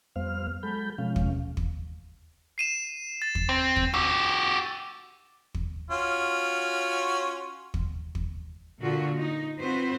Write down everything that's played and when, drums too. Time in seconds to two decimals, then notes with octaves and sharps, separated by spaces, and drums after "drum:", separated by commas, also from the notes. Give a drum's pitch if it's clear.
0.16 F2 G3 B3 C5 F5 F6
0.63 F#3 G#3 A4 B5 G6
0.98 B2 F3 G#3 C#4 F5
1.16 drum: kick
1.57 drum: kick
2.58 C7 D#7 E7
3.22 A6
3.35 drum: kick
3.49 C4
3.76 drum: kick
3.94 F#4 G4 E6
5.54 drum: kick
5.90 C#4 F4 F#4
7.74 drum: kick
8.15 drum: kick
8.80 A#2 D3 F4 F#4
9.17 D#4
9.58 C4 F4 F#4 B4 C5